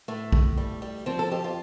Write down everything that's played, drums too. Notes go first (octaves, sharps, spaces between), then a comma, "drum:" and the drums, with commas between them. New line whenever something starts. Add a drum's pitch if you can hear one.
A2 A3
A2, drum: kick B1
G3
G3
F3 C4
A4
F2 G4
F4